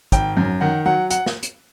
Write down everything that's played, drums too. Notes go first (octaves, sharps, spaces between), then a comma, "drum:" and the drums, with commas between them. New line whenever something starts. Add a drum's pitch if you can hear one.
G#1 G5, drum: kick, hi-hat
F#2
D#3 F#5
F#3 F#5
F#5, drum: hi-hat
drum: snare
drum: hi-hat